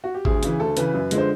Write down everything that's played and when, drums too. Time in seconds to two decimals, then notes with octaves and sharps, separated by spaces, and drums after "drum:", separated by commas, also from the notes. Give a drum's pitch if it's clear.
0.04 F#4
0.14 G4
0.25 D2 G#4, drum: kick G#1
0.43 C#3 E3, drum: hi-hat
0.60 D2 A4
0.77 C#3 E3 B4, drum: hi-hat
0.94 F#2
1.11 D3 F3 G#3, drum: hi-hat
1.18 C5